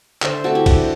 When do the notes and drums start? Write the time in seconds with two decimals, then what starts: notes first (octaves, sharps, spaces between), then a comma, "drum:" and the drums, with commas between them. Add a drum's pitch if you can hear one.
0.22 D3 C5 E5, drum: clap
0.44 A3 C4 F#4 A4
0.55 E4 G4
0.66 D3 F#4, drum: kick, cymbal